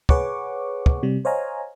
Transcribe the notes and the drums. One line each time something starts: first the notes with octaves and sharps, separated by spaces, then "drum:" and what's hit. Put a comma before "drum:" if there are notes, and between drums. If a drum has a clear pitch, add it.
G#4 B4 C#5 F#5 C#6 D6, drum: kick
drum: kick
C3 G3
C5 C#5 D#5 F5 G#5 A#5